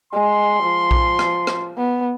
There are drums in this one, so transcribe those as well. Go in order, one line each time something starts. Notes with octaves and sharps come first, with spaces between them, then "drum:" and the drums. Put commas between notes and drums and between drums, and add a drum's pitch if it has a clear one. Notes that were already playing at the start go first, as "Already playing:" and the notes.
G#3 C6
F3
drum: kick A#1
drum: rim click
drum: rim click
B3